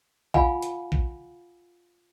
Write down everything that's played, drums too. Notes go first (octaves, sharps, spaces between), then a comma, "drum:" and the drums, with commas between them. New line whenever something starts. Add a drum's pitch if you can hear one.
F4 F5 F#5 G#5 B5, drum: kick A#1
drum: hi-hat
drum: kick A#1